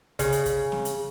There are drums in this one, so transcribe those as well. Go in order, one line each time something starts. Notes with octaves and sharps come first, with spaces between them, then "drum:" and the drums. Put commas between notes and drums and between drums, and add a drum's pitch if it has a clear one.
C#3, drum: kick, hi-hat
drum: hi-hat
drum: kick, hi-hat
drum: snare
drum: hi-hat